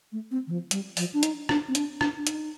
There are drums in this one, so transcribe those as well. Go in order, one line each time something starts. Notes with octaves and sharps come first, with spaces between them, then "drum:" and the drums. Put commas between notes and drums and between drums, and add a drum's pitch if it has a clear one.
A3
C4
D#3
F3
G3, drum: hi-hat
F3, drum: open hi-hat
D4
D#4, drum: hi-hat
D4, drum: rim click
C4
D4, drum: hi-hat
D4, drum: rim click
D4
D#4, drum: hi-hat